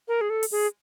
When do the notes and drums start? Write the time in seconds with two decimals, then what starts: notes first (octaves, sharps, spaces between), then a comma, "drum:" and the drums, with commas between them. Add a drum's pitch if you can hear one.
0.08 A#4
0.21 G#4
0.30 A4
0.43 drum: open hi-hat
0.52 G#4